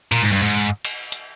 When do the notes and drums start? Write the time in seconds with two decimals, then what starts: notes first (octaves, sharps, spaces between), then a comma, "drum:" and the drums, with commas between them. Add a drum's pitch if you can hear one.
0.12 A#2, drum: hi-hat
0.22 G#2
0.32 G2
0.42 G#2
0.85 drum: cymbal
1.12 drum: hi-hat